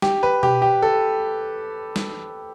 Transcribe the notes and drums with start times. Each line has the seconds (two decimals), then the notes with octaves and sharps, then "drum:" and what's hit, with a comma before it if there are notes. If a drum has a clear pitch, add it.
0.02 G4, drum: snare
0.23 B4
0.43 G4, drum: tom B2
0.62 G4
0.82 A4
1.96 drum: snare